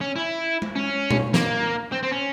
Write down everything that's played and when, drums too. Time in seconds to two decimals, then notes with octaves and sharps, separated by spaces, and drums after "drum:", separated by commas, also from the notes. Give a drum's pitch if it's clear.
0.01 C#4
0.16 E4
0.62 drum: tom G#3
0.75 C#4
1.11 drum: tom A#2
1.34 A#3, drum: snare
1.92 C4
2.03 C4
2.12 C#4